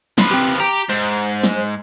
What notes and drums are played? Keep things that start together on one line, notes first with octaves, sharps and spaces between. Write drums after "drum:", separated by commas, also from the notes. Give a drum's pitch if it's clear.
F3 B4, drum: snare
C4 G4
G4 A#5
G#2 C5
drum: snare